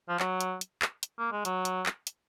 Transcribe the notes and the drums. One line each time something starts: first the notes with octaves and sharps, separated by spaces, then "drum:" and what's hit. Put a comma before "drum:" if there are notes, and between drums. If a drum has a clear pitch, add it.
F3
F#3, drum: clap
drum: hi-hat
drum: hi-hat
drum: clap
drum: hi-hat
A#3
G#3
F#3, drum: hi-hat
drum: hi-hat
drum: clap
drum: hi-hat